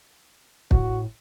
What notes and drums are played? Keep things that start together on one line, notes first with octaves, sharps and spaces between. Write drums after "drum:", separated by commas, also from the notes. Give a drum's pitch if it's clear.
A2 F#4, drum: kick